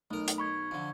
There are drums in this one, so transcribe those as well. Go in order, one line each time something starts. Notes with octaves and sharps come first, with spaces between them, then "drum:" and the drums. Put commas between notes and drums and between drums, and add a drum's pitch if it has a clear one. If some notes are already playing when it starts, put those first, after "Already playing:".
B1 A3 A#4
drum: hi-hat
B5 C#6 G#6
F2 D3